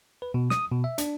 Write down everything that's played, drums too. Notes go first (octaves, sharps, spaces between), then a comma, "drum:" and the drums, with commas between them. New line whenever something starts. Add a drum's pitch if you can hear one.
B4
B2
D#6, drum: snare
B2
E5
D4, drum: hi-hat